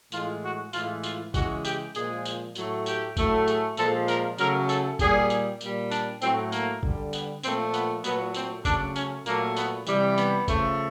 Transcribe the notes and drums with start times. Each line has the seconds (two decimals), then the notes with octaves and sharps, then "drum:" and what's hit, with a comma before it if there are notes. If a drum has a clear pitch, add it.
0.12 A2 E3 G#3 F4, drum: tambourine
0.42 F#4
0.73 A2 E3 G#3 F4, drum: tambourine
1.03 F4, drum: tambourine
1.34 C#3 E3 G#3 F#4, drum: kick, tambourine
1.65 G4, drum: tambourine
1.95 A#2 F3 G#3 G#4, drum: tambourine
2.25 drum: tambourine
2.55 A2 F#3 A3, drum: tambourine
2.86 G4, drum: tambourine
3.17 A2 F#3 A3, drum: kick, tambourine
3.47 G#4, drum: tambourine
3.77 A#2 F3 G#3 A4, drum: tambourine
4.08 A#4, drum: tambourine
4.38 C#3 F#3 A3 A#4, drum: tambourine
4.69 A4, drum: tambourine
4.99 A#2 G3 G#4, drum: kick, tambourine
5.30 drum: tambourine
5.61 A#2 G3, drum: tambourine
5.91 D4, drum: tambourine
6.22 A2 F#3 A3 C4, drum: tambourine
6.52 A#3, drum: tambourine
6.83 D3 G3, drum: kick
7.13 B3, drum: tambourine
7.43 A#2 F3 A3 C4, drum: tambourine
7.74 B3, drum: tambourine
8.04 A#2 F#3 A3 B3, drum: tambourine
8.34 C4, drum: tambourine
8.65 C#3 F#3 A3 D4, drum: kick, tambourine
8.96 C#4, drum: tambourine
9.26 A#2 F#3 A3 A#3, drum: tambourine
9.56 B3, drum: tambourine
9.87 C3 E3 G3, drum: tambourine
10.18 B3, drum: tambourine
10.48 C#3 F3 A3, drum: kick, tambourine